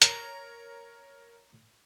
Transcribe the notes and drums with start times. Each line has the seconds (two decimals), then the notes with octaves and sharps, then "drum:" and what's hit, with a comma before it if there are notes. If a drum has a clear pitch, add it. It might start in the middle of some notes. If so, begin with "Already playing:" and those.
0.02 A#4 C#5 A#5, drum: hi-hat